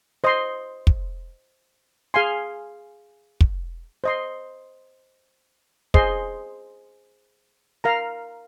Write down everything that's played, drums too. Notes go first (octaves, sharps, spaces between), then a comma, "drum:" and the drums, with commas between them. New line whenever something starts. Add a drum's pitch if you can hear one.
C5 D#5 C6
drum: kick
G#4 F5 G#5 C6
drum: kick
C5 D#5 C6
G#4 C5 D#5 C6, drum: kick
A#4 F5 A#5